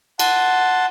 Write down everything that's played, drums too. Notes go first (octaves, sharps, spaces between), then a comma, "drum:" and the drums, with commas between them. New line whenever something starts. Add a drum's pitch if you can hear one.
F#5 A5 C6, drum: cymbal